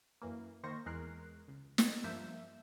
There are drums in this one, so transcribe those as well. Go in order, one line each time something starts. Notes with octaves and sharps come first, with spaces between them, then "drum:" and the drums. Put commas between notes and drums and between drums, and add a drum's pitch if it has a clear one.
F#2 E3 A#3
D#3 A#3 C5 C#6 A#6
E2 G#3 A#4 F#6 C7
C#2
drum: snare
G2 F3 A#3 E5 G6 E7